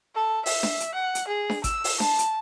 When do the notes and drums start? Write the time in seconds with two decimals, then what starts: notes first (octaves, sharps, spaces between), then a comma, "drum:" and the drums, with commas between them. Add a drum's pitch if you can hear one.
0.15 A4
0.46 E5, drum: open hi-hat
0.63 drum: snare D4
0.80 drum: hi-hat
0.94 F#5
1.15 drum: hi-hat
1.28 G#4
1.50 drum: snare D4
1.64 E6, drum: kick G#1, hi-hat
1.84 drum: open hi-hat
2.00 A5, drum: snare D4
2.19 drum: hi-hat